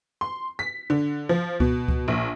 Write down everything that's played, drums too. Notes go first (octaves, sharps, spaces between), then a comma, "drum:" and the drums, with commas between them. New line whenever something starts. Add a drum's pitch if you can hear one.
C6
B6
D3
F3
B2, drum: kick C#2
drum: kick C#2
A#1